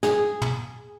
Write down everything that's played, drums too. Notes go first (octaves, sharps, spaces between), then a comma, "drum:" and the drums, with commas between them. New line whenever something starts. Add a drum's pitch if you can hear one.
G#4, drum: snare
drum: tom